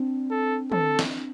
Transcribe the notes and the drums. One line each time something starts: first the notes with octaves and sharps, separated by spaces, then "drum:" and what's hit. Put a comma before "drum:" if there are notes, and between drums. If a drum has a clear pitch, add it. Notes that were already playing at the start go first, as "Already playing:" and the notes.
Already playing: C4 D4
A4
A4, drum: tom
drum: snare